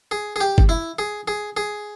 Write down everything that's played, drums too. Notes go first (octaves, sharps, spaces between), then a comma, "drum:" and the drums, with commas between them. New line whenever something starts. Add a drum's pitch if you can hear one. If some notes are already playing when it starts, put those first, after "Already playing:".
G#4
G#4
G4
drum: kick G1
E4
G#4
G#4
G#4